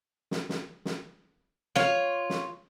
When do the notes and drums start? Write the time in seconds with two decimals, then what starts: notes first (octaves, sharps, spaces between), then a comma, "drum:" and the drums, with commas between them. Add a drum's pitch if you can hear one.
0.31 drum: snare
0.49 drum: snare
0.85 drum: snare
1.76 F4 C#5, drum: snare
2.30 drum: snare